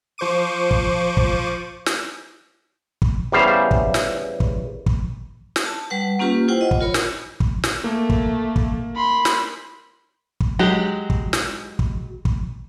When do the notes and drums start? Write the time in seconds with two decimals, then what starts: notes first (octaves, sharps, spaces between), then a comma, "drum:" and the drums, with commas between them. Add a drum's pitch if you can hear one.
0.18 F3 C5 C#6 D6 D#7
0.71 drum: kick
1.17 drum: kick
1.86 drum: snare
3.02 drum: kick
3.32 E2 C#3 G3 C5 F5
3.71 drum: kick
3.94 drum: snare
4.40 drum: kick
4.86 drum: kick
5.56 drum: snare
5.66 A5
5.90 G3 B4 F#5
6.19 A#3 C#4 F4 G4 B4
6.48 E4 F4 C5 F#5 G5
6.61 D#5
6.71 drum: kick
6.81 F4 A#4 C#5 B5
6.94 drum: snare
7.40 drum: kick
7.64 drum: snare
7.84 A3 A#3
8.10 drum: kick
8.56 drum: kick
8.96 B5 C6
9.25 drum: snare
10.41 drum: kick
10.59 F#3 G#3 F#4 G4
11.10 drum: kick
11.33 drum: snare
11.79 drum: kick
12.25 drum: kick